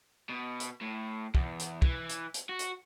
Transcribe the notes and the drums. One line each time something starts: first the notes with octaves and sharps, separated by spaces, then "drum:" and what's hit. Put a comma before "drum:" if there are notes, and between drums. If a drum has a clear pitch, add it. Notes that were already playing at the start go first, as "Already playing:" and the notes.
B2
drum: hi-hat
A2
E2, drum: kick
drum: hi-hat
E3, drum: kick
drum: hi-hat
drum: hi-hat
F#4
drum: hi-hat